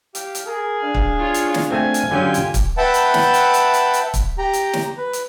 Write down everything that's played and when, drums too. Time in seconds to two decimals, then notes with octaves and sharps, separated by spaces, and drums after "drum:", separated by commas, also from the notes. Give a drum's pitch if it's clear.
0.15 G4 F5, drum: hi-hat
0.35 drum: hi-hat
0.47 G#4 A#4
0.83 D4 F5
0.94 drum: kick
1.19 F4 C#5
1.34 drum: hi-hat
1.54 drum: snare
1.71 A3 C4 G#5
1.94 drum: hi-hat
2.11 D3 F#3 C#4 F4 G4 G6
2.34 drum: hi-hat
2.54 drum: kick, hi-hat
2.77 B4 E5 F#5 G5 A5 B5
2.94 drum: hi-hat
3.14 drum: snare
3.34 drum: hi-hat
3.54 drum: hi-hat
3.74 drum: hi-hat
3.94 drum: hi-hat
4.14 drum: kick, hi-hat
4.38 G4 G5 A#5
4.53 drum: hi-hat
4.73 drum: snare
4.98 B4
5.13 drum: hi-hat